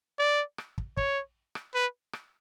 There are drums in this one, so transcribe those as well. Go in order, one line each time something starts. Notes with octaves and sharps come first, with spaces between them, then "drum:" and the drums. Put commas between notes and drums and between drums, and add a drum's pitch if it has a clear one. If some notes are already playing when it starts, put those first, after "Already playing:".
D5
drum: rim click
drum: kick
C#5, drum: kick
drum: rim click
B4
drum: rim click